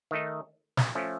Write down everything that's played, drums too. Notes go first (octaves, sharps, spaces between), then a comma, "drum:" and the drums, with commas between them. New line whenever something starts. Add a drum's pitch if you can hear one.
D#3 A3 D#4
drum: snare
F3 A3 C#4